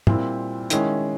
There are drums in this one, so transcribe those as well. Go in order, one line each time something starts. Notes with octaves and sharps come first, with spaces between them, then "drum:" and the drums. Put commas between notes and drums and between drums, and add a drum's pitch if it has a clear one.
A#2 G3 C4 E4, drum: tom
D#3 G#3 C#4 E4, drum: hi-hat